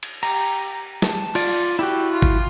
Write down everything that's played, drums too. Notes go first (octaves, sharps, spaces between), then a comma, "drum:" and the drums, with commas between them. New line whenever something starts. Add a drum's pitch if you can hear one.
drum: cymbal
G4 A#5, drum: cymbal
A5, drum: snare
F4 D5, drum: cymbal
E4 F#4 G4
F4
drum: kick G#1